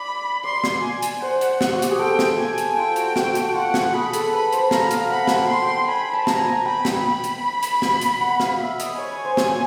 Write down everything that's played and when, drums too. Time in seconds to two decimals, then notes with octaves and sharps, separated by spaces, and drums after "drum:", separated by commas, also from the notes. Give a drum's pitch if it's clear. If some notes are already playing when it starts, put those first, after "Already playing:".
Already playing: D5 B5
0.44 D5 C6
0.64 drum: snare
0.83 G#5
1.02 drum: hi-hat
1.21 C5 F#5
1.41 drum: hi-hat
1.61 drum: snare
1.73 F#4
1.82 G4, drum: hi-hat
1.91 G#4
1.99 A4 G5
2.19 drum: snare
2.38 G#5
2.58 drum: hi-hat
2.77 F4 G5
2.96 F#4, drum: hi-hat
3.16 F#4, drum: snare
3.35 F#4, drum: hi-hat
3.54 F4 F#5
3.74 F#4, drum: snare
3.94 G#4 B5
4.13 A4, drum: hi-hat
4.33 B4 B5
4.53 C5, drum: hi-hat
4.71 F5 A#5, drum: snare
4.91 F5, drum: hi-hat
5.10 F#5 B5
5.27 F#5, drum: snare
5.36 G5
5.49 C6
5.62 G5
5.88 G#5 B5
6.13 A5
6.27 A5 A#5, drum: snare
6.40 G#5
6.66 G5 B5
6.85 drum: snare
7.04 B5
7.24 drum: hi-hat
7.63 drum: hi-hat
7.82 drum: snare
8.01 drum: hi-hat
8.21 F#5
8.40 F5, drum: snare
8.60 E5
8.80 D#5, drum: hi-hat
8.98 C#5 G#5
9.25 C5
9.37 drum: snare
9.50 C#5